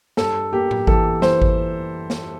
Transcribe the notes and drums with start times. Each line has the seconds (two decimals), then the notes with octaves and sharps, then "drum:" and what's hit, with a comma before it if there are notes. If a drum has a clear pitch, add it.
0.17 G2 A4, drum: snare
0.52 A#3 G4
0.71 drum: tom A2
0.87 E3 A4, drum: kick G#1
1.22 E3 C5, drum: snare
1.42 drum: kick G#1
2.10 drum: snare